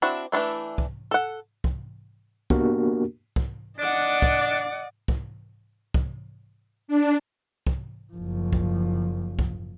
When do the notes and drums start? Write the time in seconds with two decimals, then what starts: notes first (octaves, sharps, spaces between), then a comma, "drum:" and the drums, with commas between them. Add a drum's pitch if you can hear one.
0.02 C4 D4 E4 F#4
0.32 E3 A3 C#4 D4 E4
0.78 drum: kick
1.11 A4 F#5
1.64 drum: kick
2.50 A#3 B3 D4 F#4 G4 A#4, drum: kick
3.36 drum: kick
3.79 D4 D5 D#5 F#5
4.22 drum: kick
5.08 drum: kick
5.94 drum: kick
6.88 D4
7.67 drum: kick
8.13 F#1 F3
8.53 drum: kick
9.39 drum: kick